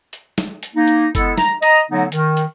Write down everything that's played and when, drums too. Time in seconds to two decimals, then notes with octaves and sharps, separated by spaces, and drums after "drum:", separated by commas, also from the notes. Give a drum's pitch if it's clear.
0.13 drum: hi-hat
0.38 drum: snare
0.63 drum: hi-hat
0.75 A#3 D#4
0.88 drum: hi-hat
1.15 G#3 B3 E4 A4, drum: kick F#1, hi-hat
1.38 A#5, drum: snare
1.62 D#5 A#5, drum: hi-hat
1.91 D3 F#3 A3 B3 D#4
2.12 D#3, drum: hi-hat
2.37 drum: hi-hat